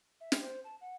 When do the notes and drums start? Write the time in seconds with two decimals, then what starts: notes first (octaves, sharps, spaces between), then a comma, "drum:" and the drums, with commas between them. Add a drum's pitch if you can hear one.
0.21 E5
0.32 drum: snare
0.42 C5
0.64 A5
0.81 F#5